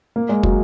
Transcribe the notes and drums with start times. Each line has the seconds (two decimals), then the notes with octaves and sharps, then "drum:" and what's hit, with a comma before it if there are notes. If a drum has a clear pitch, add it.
0.16 A#3
0.29 G#3
0.43 F#3, drum: kick